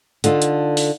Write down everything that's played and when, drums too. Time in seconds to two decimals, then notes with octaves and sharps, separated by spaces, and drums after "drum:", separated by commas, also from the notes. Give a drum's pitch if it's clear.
0.24 D3 D#4 F4 A4, drum: hi-hat
0.42 drum: hi-hat
0.77 drum: open hi-hat